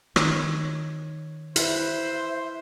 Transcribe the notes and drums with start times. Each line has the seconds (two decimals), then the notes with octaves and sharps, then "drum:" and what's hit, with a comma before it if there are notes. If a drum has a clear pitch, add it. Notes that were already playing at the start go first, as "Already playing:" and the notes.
0.16 D#3 C#5, drum: rim click
1.56 E4 B4 C5 E5, drum: hi-hat